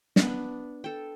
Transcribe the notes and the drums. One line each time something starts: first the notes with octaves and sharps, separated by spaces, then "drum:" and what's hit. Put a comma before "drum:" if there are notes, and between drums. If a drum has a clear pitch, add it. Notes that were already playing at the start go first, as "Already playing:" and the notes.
B3 D4, drum: snare
A4 G5